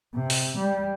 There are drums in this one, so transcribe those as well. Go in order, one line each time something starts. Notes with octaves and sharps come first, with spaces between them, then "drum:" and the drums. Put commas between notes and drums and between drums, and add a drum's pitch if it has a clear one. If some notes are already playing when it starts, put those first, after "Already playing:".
C3
drum: open hi-hat
G3